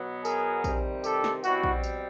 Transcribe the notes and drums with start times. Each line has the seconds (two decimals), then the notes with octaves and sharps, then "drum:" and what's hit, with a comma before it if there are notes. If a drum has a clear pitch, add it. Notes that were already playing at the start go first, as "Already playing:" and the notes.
Already playing: B2 F#3 B3
0.25 G#4 A#4, drum: tambourine
0.64 C3 D#3 G3 C4, drum: kick A#1, tambourine
1.04 G4 A4, drum: tambourine
1.24 drum: snare
1.44 B2 G3 C4 E4 F#4, drum: tambourine
1.64 drum: kick A#1
1.83 drum: tambourine